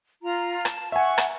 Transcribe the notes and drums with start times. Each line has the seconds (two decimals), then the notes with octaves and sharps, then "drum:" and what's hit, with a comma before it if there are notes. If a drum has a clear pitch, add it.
0.23 F4 A#5
0.65 A5, drum: rim click
0.92 E5 F#5 G#5 C#6
1.18 drum: rim click